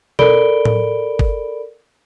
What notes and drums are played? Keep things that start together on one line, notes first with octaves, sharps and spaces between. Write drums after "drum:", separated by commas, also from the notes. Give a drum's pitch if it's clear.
A4 A#4 D5 B5 D7 G7, drum: tom B2
drum: tom A2
drum: kick G1